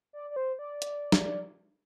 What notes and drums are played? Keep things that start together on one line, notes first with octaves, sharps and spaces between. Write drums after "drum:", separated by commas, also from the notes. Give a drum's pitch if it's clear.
D5
D5
C5
D5
drum: hi-hat
drum: snare